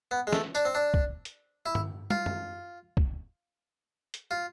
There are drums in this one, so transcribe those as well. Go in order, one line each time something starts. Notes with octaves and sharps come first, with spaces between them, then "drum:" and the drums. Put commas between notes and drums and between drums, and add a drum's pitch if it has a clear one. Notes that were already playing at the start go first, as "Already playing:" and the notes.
B3
G#3
A3, drum: snare
D4, drum: tambourine
C4
D4
drum: kick
drum: hi-hat
E4
drum: tom
F4, drum: tom
drum: tom
drum: kick
drum: hi-hat
F4